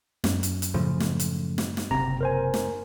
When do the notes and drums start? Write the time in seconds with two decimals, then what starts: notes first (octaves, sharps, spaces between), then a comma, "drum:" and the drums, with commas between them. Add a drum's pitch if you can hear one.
0.24 F#2, drum: snare
0.43 drum: hi-hat
0.62 drum: hi-hat
0.74 A2 C#3 F3
1.00 drum: snare
1.20 drum: hi-hat
1.58 drum: snare
1.77 drum: snare
1.91 F#1 C3 A#5
2.21 A#4 C5 G#5
2.54 drum: snare